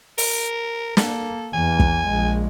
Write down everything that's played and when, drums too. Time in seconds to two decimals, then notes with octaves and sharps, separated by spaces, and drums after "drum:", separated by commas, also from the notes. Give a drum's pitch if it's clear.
0.18 A#4, drum: open hi-hat
0.97 A#3 A4, drum: snare
1.54 E2 E3 G#5
1.79 drum: kick
2.06 A#1 G#3